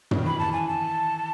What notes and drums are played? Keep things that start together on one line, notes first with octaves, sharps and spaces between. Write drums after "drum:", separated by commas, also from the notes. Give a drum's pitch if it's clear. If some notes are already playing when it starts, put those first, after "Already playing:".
C#3, drum: tom
D#3
E3 B5
A5
G#5
A5